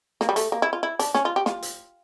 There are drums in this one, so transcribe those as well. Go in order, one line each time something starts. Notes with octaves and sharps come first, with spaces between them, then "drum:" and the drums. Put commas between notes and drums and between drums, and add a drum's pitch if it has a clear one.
A#3, drum: snare
G3
A3, drum: hi-hat
A#3
E4
F4
E4
D4, drum: hi-hat
C#4, drum: snare
F4
G4
F4, drum: snare
drum: hi-hat